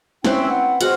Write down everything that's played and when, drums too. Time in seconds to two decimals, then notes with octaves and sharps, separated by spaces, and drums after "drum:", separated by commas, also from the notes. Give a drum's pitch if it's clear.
0.24 C4 C#4 E4 B4 C5 G5, drum: snare
0.48 F#5
0.81 G#3 F#4 C5 F#5 F6, drum: hi-hat